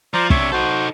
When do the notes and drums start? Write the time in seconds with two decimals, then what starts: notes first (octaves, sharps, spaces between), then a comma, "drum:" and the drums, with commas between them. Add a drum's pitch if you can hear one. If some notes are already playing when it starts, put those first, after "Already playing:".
0.14 F3 C5 D5 A#5
0.30 C3 D4 C#5 E5 C#6, drum: kick
0.52 D#4 F#4 A4 C5